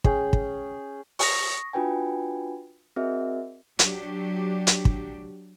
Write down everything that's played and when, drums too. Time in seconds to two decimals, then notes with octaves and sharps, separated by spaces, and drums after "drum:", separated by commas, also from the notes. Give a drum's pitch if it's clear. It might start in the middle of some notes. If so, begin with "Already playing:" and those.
0.04 C#4 G#4 G5, drum: kick
0.33 drum: kick
1.19 C#6 D#6 A#6, drum: open hi-hat
1.73 D4 F4 F#4 B4 G5 G#5
2.96 C4 F#4 G#4 A#4 D#5 E5
3.79 F#3 D4 G4, drum: hi-hat
4.67 drum: hi-hat
4.85 drum: kick